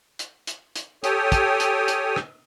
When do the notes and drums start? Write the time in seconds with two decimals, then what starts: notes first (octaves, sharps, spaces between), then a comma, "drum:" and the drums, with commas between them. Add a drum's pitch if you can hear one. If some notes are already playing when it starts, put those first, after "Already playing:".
0.19 drum: hi-hat
0.47 drum: hi-hat
0.76 drum: hi-hat
1.04 G4 A4 C#5 G5 G#5 D#6, drum: hi-hat
1.32 drum: kick, hi-hat
1.60 drum: hi-hat
1.88 drum: hi-hat
2.16 drum: rim click